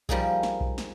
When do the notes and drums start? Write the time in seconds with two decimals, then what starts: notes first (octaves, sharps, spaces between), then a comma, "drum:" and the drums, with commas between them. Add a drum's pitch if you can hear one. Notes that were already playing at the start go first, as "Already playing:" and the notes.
0.09 F3 G3 A#3 D#4 G#4, drum: kick B1
0.43 drum: snare
0.61 drum: kick B1
0.78 drum: snare